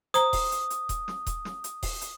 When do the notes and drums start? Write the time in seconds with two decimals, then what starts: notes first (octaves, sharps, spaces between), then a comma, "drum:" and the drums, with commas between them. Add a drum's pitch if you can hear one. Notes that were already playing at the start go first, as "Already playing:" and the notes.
0.14 C5 A#5 D#6, drum: hi-hat
0.33 drum: kick D#1, open hi-hat
0.52 drum: hi-hat
0.70 drum: hi-hat
0.89 drum: kick D#1, hi-hat
1.08 drum: snare
1.26 drum: kick D#1, hi-hat
1.45 drum: snare
1.64 drum: hi-hat
1.83 drum: kick D#1, open hi-hat
2.01 drum: hi-hat